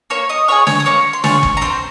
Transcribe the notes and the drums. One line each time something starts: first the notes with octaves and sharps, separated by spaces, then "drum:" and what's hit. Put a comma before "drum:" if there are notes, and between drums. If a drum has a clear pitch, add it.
A#3 C#5 C#6
D#5 D#6
F4 G#4 C#5 C#6
C#5 C#6, drum: snare
D#6
A#3 C#5 C#6
C6
F4 G#4 C#5 C#6, drum: snare
drum: kick
A#5
C4 C5 C6